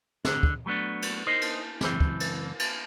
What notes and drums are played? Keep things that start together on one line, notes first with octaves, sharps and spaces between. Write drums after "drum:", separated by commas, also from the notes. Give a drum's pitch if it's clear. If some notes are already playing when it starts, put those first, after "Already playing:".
D3, drum: snare
drum: kick
F#3 A3 B3 D4
drum: cymbal
D#4 A#4 C5 D#5
drum: cymbal
C#2 F#2 E3 C4, drum: snare
drum: kick
drum: cymbal
drum: cymbal